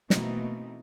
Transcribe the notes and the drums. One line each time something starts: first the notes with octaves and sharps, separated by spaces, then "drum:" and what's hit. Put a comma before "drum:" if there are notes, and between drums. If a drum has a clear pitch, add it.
B2 E3 A3 A#3 C4 D#4, drum: snare